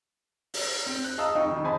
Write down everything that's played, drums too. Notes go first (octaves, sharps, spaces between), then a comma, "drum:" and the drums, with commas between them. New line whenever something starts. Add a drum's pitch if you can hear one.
drum: open hi-hat
C4
F#6
D#5 F5 A5 A#5 D#6 E6
F2 D#4 G5 C#6
F2 D#3
G#4 C5 D#5 G#5 A5 B5